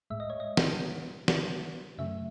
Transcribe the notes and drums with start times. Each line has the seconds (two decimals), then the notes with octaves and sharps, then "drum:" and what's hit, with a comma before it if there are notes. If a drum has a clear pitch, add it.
0.10 A2 G#3 E5
0.20 D#5
0.30 C#5
0.40 D#5
0.57 drum: snare
1.28 drum: snare
1.98 F#2 C#3 F#3 A3 E5